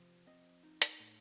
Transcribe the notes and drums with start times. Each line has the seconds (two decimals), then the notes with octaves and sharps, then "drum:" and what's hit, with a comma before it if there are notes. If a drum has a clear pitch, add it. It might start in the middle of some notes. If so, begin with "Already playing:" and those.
Already playing: C3 F3
0.27 C4 D#5
0.63 D#4
0.82 drum: hi-hat
1.00 A2